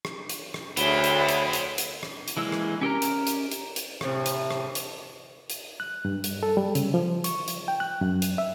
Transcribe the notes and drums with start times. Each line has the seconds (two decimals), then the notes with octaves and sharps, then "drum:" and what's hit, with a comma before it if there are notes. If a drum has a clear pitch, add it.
0.05 drum: rim click
0.29 drum: hi-hat
0.54 drum: rim click
0.77 D2 C4 F4 G#4 C#5 F#5 B5, drum: hi-hat
1.04 drum: hi-hat
1.29 drum: hi-hat
1.53 drum: hi-hat
1.78 drum: hi-hat
2.03 drum: rim click
2.28 drum: hi-hat
2.37 E3 G#3 A#3 E6
2.52 drum: rim click
2.81 C#4 G4 A#4 A#5
3.02 drum: hi-hat
3.27 drum: hi-hat
3.51 drum: hi-hat
3.76 drum: hi-hat
4.01 A2 C3, drum: rim click
4.26 drum: hi-hat
4.51 drum: rim click
4.75 drum: hi-hat
5.50 drum: hi-hat
5.80 F#6
6.05 G2
6.24 drum: hi-hat
6.43 A4
6.57 G3
6.75 C#3, drum: hi-hat
6.94 F3
7.24 C#6, drum: hi-hat
7.48 drum: hi-hat
7.68 G5
7.80 F#6
8.01 F#2
8.22 drum: hi-hat
8.38 E5